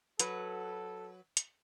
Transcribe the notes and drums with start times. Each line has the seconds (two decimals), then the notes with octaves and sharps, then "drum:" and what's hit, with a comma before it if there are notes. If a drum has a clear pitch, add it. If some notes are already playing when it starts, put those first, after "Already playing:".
0.19 F#3 A4 B4, drum: hi-hat
1.37 drum: hi-hat